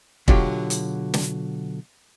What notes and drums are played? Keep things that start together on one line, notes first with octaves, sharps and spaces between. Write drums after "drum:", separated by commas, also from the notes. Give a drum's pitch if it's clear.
B2 D3 F#3 F4 G4, drum: kick
drum: hi-hat
drum: snare